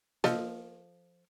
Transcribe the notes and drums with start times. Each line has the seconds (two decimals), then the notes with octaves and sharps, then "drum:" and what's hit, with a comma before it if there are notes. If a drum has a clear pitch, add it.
0.24 F3 A4 D#5, drum: snare A#3